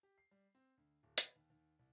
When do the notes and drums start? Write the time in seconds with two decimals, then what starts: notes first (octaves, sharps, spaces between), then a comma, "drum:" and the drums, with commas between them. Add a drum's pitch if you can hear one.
0.03 G4
0.18 C7
0.31 G3
0.55 C4
0.77 D2
1.03 D1
1.18 B4, drum: hi-hat
1.36 D#2
1.50 D#2
1.79 C2